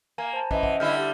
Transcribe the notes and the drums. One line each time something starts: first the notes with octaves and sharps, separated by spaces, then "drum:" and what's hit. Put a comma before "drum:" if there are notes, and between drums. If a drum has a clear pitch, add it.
A#3 G#5 A#5
C5 A5
E3 C#4 C5 D#5, drum: kick
F#5, drum: kick
D3 G3 E4 F6 G6
G4